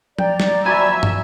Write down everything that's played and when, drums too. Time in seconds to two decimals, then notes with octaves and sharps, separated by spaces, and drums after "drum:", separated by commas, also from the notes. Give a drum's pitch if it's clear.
0.19 D5 G5 A#5, drum: tom F3
0.40 drum: snare
0.65 D#2 F3 F#3 E5 G#5 B5
1.03 drum: tom